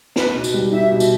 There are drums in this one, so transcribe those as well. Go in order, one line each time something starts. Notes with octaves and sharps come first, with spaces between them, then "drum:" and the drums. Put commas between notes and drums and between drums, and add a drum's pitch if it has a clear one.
D#4 B4, drum: snare
B2
drum: tambourine
G3
D#4 E5
B2
drum: tambourine